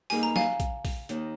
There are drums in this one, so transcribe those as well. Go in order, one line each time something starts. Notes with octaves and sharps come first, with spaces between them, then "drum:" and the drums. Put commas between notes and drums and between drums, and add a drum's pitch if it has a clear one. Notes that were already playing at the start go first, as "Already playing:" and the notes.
G2 G3 A#3 D#4 G#4 G#5, drum: open hi-hat
A#5
F5 G#5, drum: snare
drum: kick, hi-hat
drum: kick, open hi-hat
D#2 D#3 A#3, drum: hi-hat